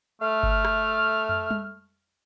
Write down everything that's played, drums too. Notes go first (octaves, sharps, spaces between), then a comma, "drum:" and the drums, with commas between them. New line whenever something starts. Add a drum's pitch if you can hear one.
A3 F6
drum: kick G1
drum: rim click
drum: tom
drum: tom G3